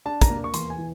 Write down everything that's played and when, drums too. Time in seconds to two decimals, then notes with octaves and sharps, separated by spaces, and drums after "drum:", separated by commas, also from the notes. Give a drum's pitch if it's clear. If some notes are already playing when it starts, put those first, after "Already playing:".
0.05 D4 A5
0.21 A#5, drum: kick, hi-hat
0.30 A#3
0.44 C#6
0.54 E2 C6, drum: hi-hat
0.70 G#5
0.78 E3